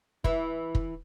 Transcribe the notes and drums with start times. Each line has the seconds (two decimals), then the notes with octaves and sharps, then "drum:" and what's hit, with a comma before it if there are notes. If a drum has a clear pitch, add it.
0.24 E3 E4, drum: kick
0.75 drum: kick